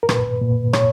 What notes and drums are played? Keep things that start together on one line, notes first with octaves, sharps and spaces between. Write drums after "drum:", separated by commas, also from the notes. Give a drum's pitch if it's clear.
A#4
A#2 B4, drum: rim click
A#2
A#2 C#5, drum: rim click